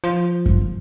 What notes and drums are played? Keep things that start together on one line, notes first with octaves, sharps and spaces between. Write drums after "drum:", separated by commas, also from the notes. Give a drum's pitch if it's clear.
F3
drum: kick F#2